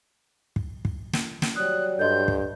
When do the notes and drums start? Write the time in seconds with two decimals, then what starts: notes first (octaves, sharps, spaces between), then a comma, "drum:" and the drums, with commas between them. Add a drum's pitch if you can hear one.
0.56 drum: kick
0.85 drum: kick
1.13 drum: snare
1.42 drum: snare
1.56 F#3 G3 D#6 F#6
1.99 G2 A4 D#5 C6 G6
2.28 drum: kick